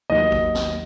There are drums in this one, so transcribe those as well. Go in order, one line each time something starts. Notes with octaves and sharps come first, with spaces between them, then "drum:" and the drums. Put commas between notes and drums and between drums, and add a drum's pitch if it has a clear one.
D#2 D#3 F#3 D#5
drum: kick G#1
drum: snare